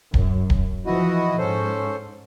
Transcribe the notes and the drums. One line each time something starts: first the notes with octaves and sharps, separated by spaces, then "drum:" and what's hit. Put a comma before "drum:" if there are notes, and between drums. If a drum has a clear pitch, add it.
F#2, drum: kick D1
drum: kick D1
E3 F3 E4 F#4 D#5
G#2 C#4 A4 C5